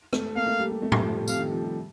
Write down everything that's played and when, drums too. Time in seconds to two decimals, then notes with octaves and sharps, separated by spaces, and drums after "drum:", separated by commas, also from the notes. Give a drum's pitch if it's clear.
0.13 A3, drum: rim click
0.36 A#3 F5
0.47 A3
0.59 G3
0.70 G3
0.82 A3
0.92 G3, drum: tom A2
1.02 F3
1.12 G3
1.28 C3 F5, drum: tambourine
1.40 D#3
1.51 F3
1.63 G3